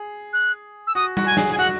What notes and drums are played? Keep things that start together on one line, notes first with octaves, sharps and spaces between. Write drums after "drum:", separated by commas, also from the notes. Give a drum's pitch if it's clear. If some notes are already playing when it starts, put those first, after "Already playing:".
Already playing: G#4
F#6
E6
F#4 D#6
F#4, drum: tom G3
G#5
G#4, drum: snare
G#5
F#4 F#5